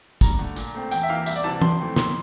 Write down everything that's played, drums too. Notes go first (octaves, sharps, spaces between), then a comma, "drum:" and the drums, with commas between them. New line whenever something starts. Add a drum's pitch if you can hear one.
G2 A#5, drum: kick, tambourine
D3 A3
A#2, drum: tambourine
A3 C4
E2 G5, drum: tambourine
E5
E3 A#3 F5
C2 E5, drum: tambourine
D5
C3 E3 A5
F2 C6, drum: tom
E3 A3 C4
F2 C6, drum: snare